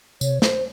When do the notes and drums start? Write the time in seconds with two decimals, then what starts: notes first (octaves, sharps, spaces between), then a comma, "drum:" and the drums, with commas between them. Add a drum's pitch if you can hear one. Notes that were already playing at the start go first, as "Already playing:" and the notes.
0.21 C3 C#5, drum: tambourine
0.42 C5, drum: snare